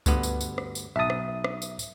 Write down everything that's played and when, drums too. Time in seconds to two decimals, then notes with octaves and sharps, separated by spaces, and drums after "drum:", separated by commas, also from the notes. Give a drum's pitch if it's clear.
0.06 D2 G2 B3, drum: kick C#2, tambourine
0.23 drum: tambourine
0.41 drum: tambourine
0.58 drum: rim click
0.75 drum: tambourine
0.96 B1 E5 A5 D#6
1.10 drum: rim click
1.44 drum: rim click
1.62 drum: tambourine
1.79 drum: tambourine